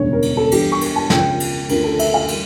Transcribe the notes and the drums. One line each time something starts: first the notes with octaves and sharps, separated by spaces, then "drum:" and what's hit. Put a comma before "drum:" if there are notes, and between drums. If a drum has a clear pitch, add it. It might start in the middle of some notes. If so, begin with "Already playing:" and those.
Already playing: E1 D2 C#3 G3 D4 C#5
A#4
drum: cymbal
A4
G2 E3 G3 A#3 G4, drum: cymbal
C#6
drum: cymbal
A5
C#2 C#3 F3 G5, drum: snare
drum: cymbal
D2 D3 A3 C#4 F4 A#4, drum: cymbal
A4
E5, drum: cymbal
F5
G3 A#3, drum: cymbal